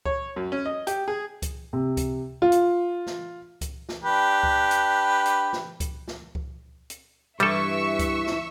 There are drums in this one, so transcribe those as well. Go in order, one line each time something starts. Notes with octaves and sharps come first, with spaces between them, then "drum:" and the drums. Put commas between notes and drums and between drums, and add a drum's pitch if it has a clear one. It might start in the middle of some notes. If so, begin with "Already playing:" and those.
C#5, drum: kick C#2
F#2
C#4
D#5
G4, drum: hi-hat
G#4
drum: kick C#2, hi-hat
C3
drum: kick C#2, hi-hat
F4
drum: hi-hat
drum: snare
drum: kick C#2, hi-hat
drum: snare
D4 G4 B4
drum: kick C#2
drum: hi-hat
drum: hi-hat
drum: snare
drum: kick C#2, hi-hat
drum: snare
drum: kick C#2
drum: hi-hat
G2 E3 G3 A4 E5 C#6 E6
drum: kick C#2, hi-hat
drum: snare